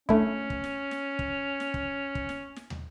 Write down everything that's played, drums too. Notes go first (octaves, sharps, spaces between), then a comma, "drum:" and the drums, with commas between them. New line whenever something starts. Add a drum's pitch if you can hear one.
D3 A3 C#4 E4, drum: kick
drum: kick
drum: snare
drum: snare
drum: kick
drum: snare
drum: kick
drum: kick
drum: snare
drum: snare
drum: tom